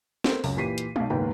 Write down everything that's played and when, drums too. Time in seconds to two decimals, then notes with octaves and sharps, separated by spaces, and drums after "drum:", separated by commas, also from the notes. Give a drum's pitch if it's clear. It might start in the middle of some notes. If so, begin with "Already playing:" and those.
0.24 C4 A4 A#4, drum: snare
0.44 C#2 F#2, drum: open hi-hat
0.56 A#2 E3 G4 B6 C7 D#7
0.78 drum: hi-hat
0.96 B1 F5, drum: tom
1.10 F#1 D#2 G#2 B3 G5